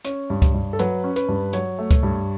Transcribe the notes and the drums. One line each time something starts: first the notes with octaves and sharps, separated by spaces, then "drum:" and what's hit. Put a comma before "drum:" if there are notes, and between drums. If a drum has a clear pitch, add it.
C#4 C#5, drum: hi-hat
G2
drum: kick C#2, hi-hat
G2
A4
F#3 B4, drum: hi-hat
C#4
B4, drum: hi-hat
G2
F#3 C#5, drum: hi-hat
A3
drum: kick C#2, hi-hat
G2